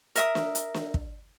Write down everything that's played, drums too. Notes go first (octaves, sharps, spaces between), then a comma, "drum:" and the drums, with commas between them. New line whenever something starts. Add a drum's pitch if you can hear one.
A#4 E5 D#6, drum: hi-hat
drum: snare
drum: hi-hat
drum: snare
drum: kick